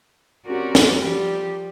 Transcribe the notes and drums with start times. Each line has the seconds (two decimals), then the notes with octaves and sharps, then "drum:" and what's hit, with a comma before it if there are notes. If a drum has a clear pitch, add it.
0.46 C4 C#4 F#4 G4 A#4 D5
0.75 drum: snare
0.98 F3 G3 G4